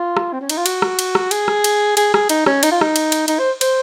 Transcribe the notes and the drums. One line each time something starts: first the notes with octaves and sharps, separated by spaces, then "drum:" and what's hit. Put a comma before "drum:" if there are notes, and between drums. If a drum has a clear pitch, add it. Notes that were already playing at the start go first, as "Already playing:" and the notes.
Already playing: F4
drum: rim click
C4
C#4
D#4, drum: cymbal
F4
F#4, drum: cymbal
drum: rim click
drum: cymbal
drum: rim click
G#4, drum: cymbal
drum: rim click
drum: cymbal
G#4, drum: cymbal
G#4, drum: rim click
D#4, drum: cymbal
C#4, drum: rim click
D#4, drum: cymbal
F4
D#4, drum: rim click
drum: cymbal
drum: cymbal
D#4, drum: cymbal
C5
C5, drum: cymbal